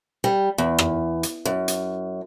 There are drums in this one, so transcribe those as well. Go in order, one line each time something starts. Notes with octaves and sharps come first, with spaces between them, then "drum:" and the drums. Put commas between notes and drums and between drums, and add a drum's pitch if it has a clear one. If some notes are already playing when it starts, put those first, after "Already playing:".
G3
E2
drum: rim click
drum: hi-hat
F#2
drum: hi-hat